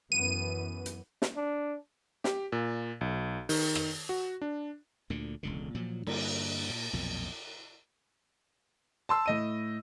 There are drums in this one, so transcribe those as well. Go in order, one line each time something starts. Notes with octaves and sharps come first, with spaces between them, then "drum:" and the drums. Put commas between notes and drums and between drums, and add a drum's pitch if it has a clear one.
F#2 E3 B3 D#7
drum: hi-hat
drum: snare
D4
G4, drum: snare
A#2
B1
D#3, drum: open hi-hat
drum: rim click
F#4
D4
D2 A#2 D3
E1 C#2 D3
A#2 F3 F#3
G2 D3 A#3, drum: cymbal
A#2
B1 F2 A#2
A5 C6 E6
A2 D#5 D#7